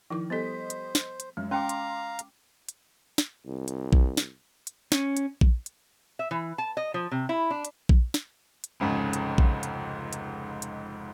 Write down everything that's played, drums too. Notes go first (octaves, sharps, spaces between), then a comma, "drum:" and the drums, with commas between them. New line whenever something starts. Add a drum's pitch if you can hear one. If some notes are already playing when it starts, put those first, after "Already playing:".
D#3 F3 E4 D6
G3 B3 A4 C5 D#5 B6
drum: hi-hat
drum: snare
drum: hi-hat
F#2 G#3
C#4 F5 G5 A#5 C6 D6
drum: hi-hat
drum: hi-hat
drum: hi-hat
drum: snare
C2
drum: hi-hat
drum: kick A#1
drum: snare
drum: hi-hat
C#4, drum: snare
drum: hi-hat
drum: kick A#1
drum: hi-hat
E5
E3
A5
D#5
F3
C3
E4
D4
drum: hi-hat
drum: kick A#1
drum: snare
drum: hi-hat
F1 C#2 G#2 C#3
drum: hi-hat
drum: kick A#1
drum: hi-hat
drum: hi-hat
drum: hi-hat